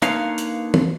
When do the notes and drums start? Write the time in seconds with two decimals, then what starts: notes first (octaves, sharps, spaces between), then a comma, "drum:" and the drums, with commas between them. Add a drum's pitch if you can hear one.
0.02 D3 A#3 D#4 B4 C#5 F5, drum: hi-hat
0.38 drum: hi-hat
0.74 drum: tom